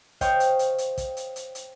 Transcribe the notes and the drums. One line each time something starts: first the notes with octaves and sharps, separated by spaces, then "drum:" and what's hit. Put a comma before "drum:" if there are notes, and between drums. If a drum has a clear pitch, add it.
C5 C#5 D#5 F5 G5 C#6, drum: kick, hi-hat
drum: hi-hat
drum: hi-hat
drum: hi-hat
drum: kick, hi-hat
drum: hi-hat
drum: hi-hat
drum: hi-hat